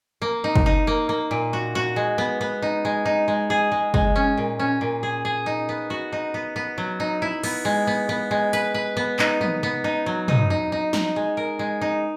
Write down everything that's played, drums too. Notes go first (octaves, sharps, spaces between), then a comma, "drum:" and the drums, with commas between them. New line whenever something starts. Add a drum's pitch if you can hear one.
A#3
D#4
drum: kick
D#4
A#3
A#3
A#2
F#4
F#4
G#3
B3
B3
D#4
G#3
D#4
G#3
G#4
G#3
G#3, drum: kick
C#4
A#2
C#4
A#2
G#4
G#4
D#4
B3
F#4
D#4
B3
B3
F#3
D#4
E4
B3, drum: cymbal
G#3
B3
B3
G#3
B4, drum: hi-hat
B4
B3
D#4, drum: clap
B3, drum: tom
B3
D#4
F#3
D#4, drum: tom
D#4
D#4
D#4, drum: snare
G#3
A#4
G#3
D#4